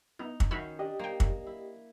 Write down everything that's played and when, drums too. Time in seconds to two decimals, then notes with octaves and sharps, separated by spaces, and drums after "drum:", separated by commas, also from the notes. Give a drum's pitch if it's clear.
0.19 B3 D#4 E4
0.40 drum: kick
0.51 D#3 C#4 E4 F#4 C5 B5
0.79 D4 G4 D5 D#5
0.99 A#3 C5 G5
1.20 drum: kick
1.47 E4